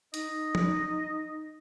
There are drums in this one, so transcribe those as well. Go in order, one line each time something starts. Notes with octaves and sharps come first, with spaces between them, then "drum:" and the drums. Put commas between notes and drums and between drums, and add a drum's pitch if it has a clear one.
D#4 D#5, drum: hi-hat
drum: tom F3